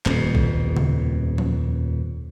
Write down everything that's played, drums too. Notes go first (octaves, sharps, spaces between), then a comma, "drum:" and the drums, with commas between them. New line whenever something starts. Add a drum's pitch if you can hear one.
D#1 F2 B2, drum: clap
drum: kick A#1
drum: tom C#3
drum: tom F3